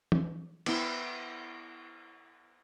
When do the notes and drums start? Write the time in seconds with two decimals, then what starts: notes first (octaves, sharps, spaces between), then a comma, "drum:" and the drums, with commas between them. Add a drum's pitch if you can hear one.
0.12 drum: tom
0.66 B3 E4 G5, drum: cymbal